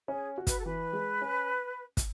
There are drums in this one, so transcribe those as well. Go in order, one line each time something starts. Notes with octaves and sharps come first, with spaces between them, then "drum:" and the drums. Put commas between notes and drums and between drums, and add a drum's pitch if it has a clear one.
C#4 G#4
F#4
B4, drum: kick, hi-hat
A4
E3 B4
G#3
C#4
drum: kick, hi-hat